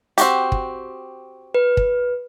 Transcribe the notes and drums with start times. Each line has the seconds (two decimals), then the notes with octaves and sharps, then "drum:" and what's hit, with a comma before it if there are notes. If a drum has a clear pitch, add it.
0.18 C4 F#4 G4, drum: hi-hat
0.52 drum: kick
1.54 B4
1.77 drum: kick